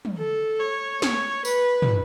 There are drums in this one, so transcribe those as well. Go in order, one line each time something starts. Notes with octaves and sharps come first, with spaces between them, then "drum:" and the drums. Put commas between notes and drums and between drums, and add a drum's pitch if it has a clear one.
drum: tom
A4
C#5
C#5, drum: snare
B4, drum: tambourine
drum: tom